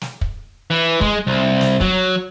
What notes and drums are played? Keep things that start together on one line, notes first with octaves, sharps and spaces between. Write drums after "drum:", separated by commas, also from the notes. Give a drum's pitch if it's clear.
drum: snare
drum: kick
E3
G#3, drum: kick
C2
drum: snare
F#3, drum: kick